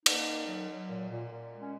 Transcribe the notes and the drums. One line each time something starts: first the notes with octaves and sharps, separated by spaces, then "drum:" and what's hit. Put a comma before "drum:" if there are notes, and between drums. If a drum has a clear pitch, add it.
A#3 D#4, drum: cymbal
D#3
F#3
F#3
A#2
A#2
A#2
G#3
C#4